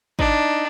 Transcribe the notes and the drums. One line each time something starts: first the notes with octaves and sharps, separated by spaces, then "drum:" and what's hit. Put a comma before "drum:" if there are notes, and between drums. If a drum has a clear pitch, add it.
D4 D#4, drum: kick G#1